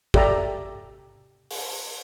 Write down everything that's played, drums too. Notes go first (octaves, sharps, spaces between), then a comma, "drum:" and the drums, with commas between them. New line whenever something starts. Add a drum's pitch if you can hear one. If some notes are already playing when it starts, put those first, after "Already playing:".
G4 A4 D5 E5 A#5, drum: kick
drum: open hi-hat